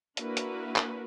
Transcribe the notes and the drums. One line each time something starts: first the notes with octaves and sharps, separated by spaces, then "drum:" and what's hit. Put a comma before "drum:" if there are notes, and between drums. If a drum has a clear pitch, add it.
A#3 D4 E4 F#4 A#4 B4, drum: hi-hat
drum: hi-hat
drum: clap